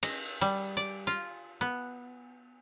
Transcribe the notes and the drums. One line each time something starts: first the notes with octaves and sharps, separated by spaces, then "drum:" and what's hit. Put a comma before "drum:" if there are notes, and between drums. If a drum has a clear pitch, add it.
D#5, drum: cymbal
G3
D5
F4
B3